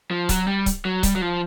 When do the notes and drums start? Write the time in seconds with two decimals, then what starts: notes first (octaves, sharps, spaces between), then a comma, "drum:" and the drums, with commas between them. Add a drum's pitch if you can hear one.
0.11 F3
0.29 F#3, drum: kick C#1, hi-hat
0.47 G3
0.66 drum: kick C#1, hi-hat
0.85 F#3
1.03 G3, drum: kick C#1, hi-hat
1.15 F#3
1.22 F3